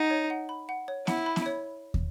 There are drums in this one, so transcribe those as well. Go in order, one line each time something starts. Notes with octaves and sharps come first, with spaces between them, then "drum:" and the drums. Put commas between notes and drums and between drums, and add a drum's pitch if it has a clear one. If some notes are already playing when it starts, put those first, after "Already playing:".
Already playing: D#4 F#5
C#5
F#5
B5
F#5
C#5
E4 F#5, drum: snare B3
B5
drum: snare B3
C#5
drum: kick